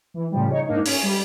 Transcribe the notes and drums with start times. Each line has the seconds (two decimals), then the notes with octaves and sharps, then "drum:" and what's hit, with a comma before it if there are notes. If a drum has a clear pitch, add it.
0.14 E3
0.31 A2 C#3 F3 G3
0.50 D#4 C#5
0.66 G#2 A#3 D4 D#4
0.85 C#4, drum: open hi-hat
1.03 G3